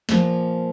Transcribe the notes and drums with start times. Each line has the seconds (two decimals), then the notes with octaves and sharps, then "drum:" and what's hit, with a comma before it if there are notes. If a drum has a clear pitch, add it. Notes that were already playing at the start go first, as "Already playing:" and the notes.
0.09 A#2 F3 A#3, drum: snare